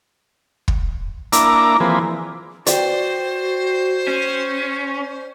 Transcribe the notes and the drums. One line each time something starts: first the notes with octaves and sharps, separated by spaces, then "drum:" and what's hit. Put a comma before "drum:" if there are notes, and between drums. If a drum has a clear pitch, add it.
drum: kick
A#3 D4 E4 A#5 D6, drum: hi-hat
E3 F3 A#3 C4 G#4 B4
F#4 C5 D5 G5, drum: hi-hat
C#4